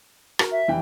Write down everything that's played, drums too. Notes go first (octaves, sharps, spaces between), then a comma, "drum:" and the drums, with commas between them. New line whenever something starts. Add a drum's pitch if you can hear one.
F#4 A#4, drum: rim click
E5
F1 E3 G5